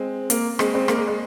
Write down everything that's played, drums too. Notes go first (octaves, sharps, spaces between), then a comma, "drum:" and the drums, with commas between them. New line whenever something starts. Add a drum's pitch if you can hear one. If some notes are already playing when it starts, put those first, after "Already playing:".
Already playing: G#3 C4
A#3, drum: hi-hat
G#3 C4, drum: rim click
G#3 C4
A#3, drum: rim click
G#3
G#3